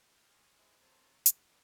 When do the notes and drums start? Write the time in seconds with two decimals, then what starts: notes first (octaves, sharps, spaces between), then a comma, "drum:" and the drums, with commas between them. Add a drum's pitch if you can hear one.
0.14 F6 G6
0.30 G#5 C6 C#6 D#6 F6
0.58 E4 G#4 C5 D#5 F#6
0.80 C4 A4 C5 C#5 A5 A#5
1.26 F#4, drum: hi-hat
1.51 B3 D4 A4 C6 D6